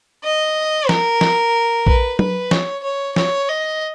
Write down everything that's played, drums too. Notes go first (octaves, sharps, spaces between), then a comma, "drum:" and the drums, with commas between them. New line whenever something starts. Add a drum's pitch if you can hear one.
D#5
A#4, drum: snare
drum: snare
B4, drum: kick A#1
B4, drum: tom F#3
C#5, drum: snare
C#5
C#5, drum: snare
D#5